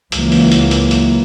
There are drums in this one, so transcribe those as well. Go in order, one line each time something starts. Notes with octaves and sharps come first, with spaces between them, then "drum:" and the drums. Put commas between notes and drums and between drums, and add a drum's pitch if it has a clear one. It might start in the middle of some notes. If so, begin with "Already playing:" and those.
C#2 E3 F#3 A#3, drum: hi-hat
drum: open hi-hat
drum: hi-hat
drum: hi-hat
drum: hi-hat